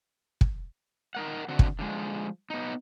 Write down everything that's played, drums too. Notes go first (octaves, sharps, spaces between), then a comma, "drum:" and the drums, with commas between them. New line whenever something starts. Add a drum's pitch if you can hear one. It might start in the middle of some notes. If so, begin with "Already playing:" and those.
drum: kick
D#4 A#4 F#5
D3 C4 F#4
drum: kick
D3 F3 G#3
B3 D#4